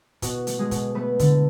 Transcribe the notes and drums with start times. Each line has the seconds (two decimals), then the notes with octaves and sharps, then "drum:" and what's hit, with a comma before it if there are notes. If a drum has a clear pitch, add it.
0.22 B2 F#4, drum: kick, hi-hat
0.47 A3, drum: hi-hat
0.59 G#3 G#4
0.71 B2, drum: kick, hi-hat
0.95 A3 B3 B4
1.19 D3, drum: kick, hi-hat